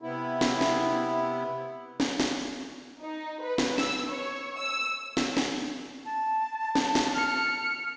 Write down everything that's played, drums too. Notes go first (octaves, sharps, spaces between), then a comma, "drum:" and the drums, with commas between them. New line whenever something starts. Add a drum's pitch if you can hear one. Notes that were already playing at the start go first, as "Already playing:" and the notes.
C3 B3 E4
drum: snare
drum: snare
drum: snare
drum: snare
D#4
B4
drum: snare
E6, drum: snare
C#5
E6
drum: snare
drum: snare
A5
drum: snare
drum: snare
F6 C#7